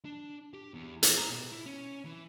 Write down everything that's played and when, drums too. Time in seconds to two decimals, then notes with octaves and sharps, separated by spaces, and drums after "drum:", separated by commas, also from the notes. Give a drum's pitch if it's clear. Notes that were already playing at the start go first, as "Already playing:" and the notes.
0.05 D4
0.53 G4
0.74 E2
1.03 G#4, drum: hi-hat
1.17 A#5
1.30 B2
1.52 E4
1.66 C#4
2.05 E3